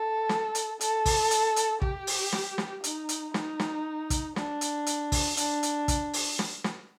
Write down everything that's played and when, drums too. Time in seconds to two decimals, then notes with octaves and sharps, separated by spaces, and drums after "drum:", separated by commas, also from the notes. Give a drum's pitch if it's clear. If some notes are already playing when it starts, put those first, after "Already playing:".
Already playing: A4
0.29 drum: snare
0.55 drum: hi-hat
0.81 A4, drum: hi-hat
1.06 drum: kick, open hi-hat
1.31 drum: hi-hat
1.56 drum: hi-hat
1.82 G4, drum: kick
2.07 drum: open hi-hat
2.33 drum: snare
2.58 drum: snare
2.84 D#4, drum: hi-hat
3.09 drum: hi-hat
3.34 D#4, drum: snare
3.59 drum: snare
4.10 drum: kick, hi-hat
4.36 D4, drum: snare
4.61 drum: hi-hat
4.86 drum: hi-hat
5.12 drum: kick, open hi-hat
5.37 D4, drum: hi-hat
5.63 drum: hi-hat
5.88 drum: kick, hi-hat
6.13 drum: open hi-hat
6.39 drum: snare
6.64 drum: snare